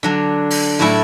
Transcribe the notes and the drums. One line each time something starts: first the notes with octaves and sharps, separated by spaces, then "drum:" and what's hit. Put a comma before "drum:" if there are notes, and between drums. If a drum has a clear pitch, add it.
D3 F#3 D4
drum: open hi-hat
A2 F#3 A3 E4 A4